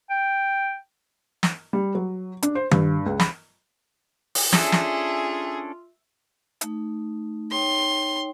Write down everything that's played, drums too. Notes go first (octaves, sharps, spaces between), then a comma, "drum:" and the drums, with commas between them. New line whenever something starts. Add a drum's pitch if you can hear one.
G5
drum: snare
G3
F#3
D4, drum: hi-hat
C5
G2, drum: tom D#3
C#2
B5, drum: snare
drum: open hi-hat
C#4 D4 F4 G#4 A4 E5, drum: snare
drum: snare
A3 D#4, drum: hi-hat
D#4 C#5 G5 C6